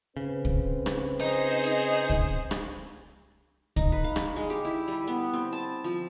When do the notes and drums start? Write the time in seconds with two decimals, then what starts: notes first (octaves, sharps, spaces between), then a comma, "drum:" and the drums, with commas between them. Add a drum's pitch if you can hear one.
0.17 C#3 C4 B4
0.45 drum: kick
0.86 drum: rim click
1.20 D#4 G#4 C5
2.10 drum: kick
2.51 drum: rim click
3.76 D#4, drum: kick
3.92 B4
4.04 F5
4.16 drum: rim click
4.36 G#3
4.50 G4
4.65 E4
4.88 G3
5.08 B3
5.33 C4
5.53 A5
5.84 F3